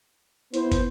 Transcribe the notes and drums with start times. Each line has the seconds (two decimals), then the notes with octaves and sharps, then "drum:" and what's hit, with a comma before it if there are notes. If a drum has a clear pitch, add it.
0.54 B3 E4 C5, drum: hi-hat
0.72 drum: kick, hi-hat